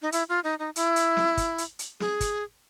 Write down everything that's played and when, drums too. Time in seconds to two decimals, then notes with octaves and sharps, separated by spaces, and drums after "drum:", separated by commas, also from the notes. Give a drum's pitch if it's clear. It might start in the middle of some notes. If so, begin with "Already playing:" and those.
0.02 D#4
0.12 E4, drum: hi-hat
0.29 F4
0.44 D#4
0.59 D#4
0.76 E4, drum: hi-hat
0.96 drum: hi-hat
1.17 drum: snare
1.37 drum: kick, hi-hat
1.58 drum: hi-hat
1.79 drum: hi-hat
2.00 G#4, drum: snare
2.20 drum: kick, hi-hat